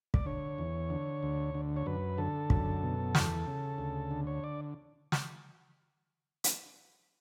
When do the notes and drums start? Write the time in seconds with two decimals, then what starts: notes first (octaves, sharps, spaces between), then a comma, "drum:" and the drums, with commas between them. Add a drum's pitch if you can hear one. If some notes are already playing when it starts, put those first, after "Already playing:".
0.14 D5, drum: kick
0.26 D3 C#5
0.58 E2
0.90 D3
1.23 D2
1.54 D3
1.76 C#5
1.86 F#2 B4
2.18 D3 A4
2.50 F#2, drum: kick
2.83 B2
3.15 E2, drum: snare
3.47 C#3
3.78 D2
4.11 D3
4.27 C#5
4.44 D5
5.12 drum: snare
6.44 drum: hi-hat